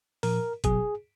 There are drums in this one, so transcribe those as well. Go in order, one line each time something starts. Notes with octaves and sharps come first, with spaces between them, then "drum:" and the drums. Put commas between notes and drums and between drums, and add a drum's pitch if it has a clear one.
A#2 F3 A#4, drum: open hi-hat
B2 F#3 G#4, drum: kick, hi-hat